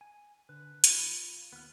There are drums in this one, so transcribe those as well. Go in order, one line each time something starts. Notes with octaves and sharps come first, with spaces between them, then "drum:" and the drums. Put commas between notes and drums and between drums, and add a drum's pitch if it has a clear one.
G#5
D3 B4
F4 B5, drum: hi-hat
D#2 B3 F6